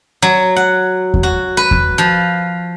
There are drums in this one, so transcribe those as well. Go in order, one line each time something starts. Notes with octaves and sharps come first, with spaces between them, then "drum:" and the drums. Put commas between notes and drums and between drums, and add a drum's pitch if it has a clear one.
F#3
F#5
drum: kick E2
F#4
B4
drum: kick E2
F3